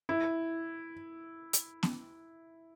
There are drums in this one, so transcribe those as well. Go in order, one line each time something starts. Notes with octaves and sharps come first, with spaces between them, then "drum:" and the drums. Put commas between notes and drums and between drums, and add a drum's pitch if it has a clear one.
E4
drum: hi-hat
drum: snare B3